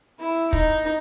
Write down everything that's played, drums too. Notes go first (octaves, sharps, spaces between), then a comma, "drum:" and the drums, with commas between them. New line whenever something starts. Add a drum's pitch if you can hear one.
E4
D#4, drum: kick